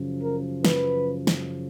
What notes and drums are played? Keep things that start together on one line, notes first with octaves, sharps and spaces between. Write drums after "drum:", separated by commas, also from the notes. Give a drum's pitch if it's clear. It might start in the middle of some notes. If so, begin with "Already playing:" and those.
Already playing: F#2 C#3 F3
A#4
B4, drum: snare
drum: snare